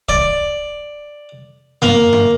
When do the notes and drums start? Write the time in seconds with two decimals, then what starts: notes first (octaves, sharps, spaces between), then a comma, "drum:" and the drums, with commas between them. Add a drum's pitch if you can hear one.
0.09 D5, drum: kick C#1
1.82 A#3, drum: tom F#2
2.13 drum: tom F#2